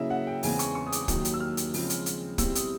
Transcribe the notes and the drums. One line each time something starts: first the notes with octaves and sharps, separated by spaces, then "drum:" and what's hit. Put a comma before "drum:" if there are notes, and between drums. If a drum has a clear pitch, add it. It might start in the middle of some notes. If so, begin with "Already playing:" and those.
Already playing: C#3 F#3 A#3 C#4 E4 D#5 E5
F#5
G5
E2 C#3 E3 G#3 C4 G#5, drum: open hi-hat
C#6, drum: hi-hat
C#6
D#6
D6, drum: hi-hat
D#2 D#3 F#3 D#6, drum: kick, hi-hat
drum: hi-hat
E6
F6
drum: hi-hat
C#3 F3 G#3 C4, drum: open hi-hat
drum: hi-hat
drum: hi-hat
B2 G3 C4 E4 E6, drum: kick, hi-hat
D#6, drum: hi-hat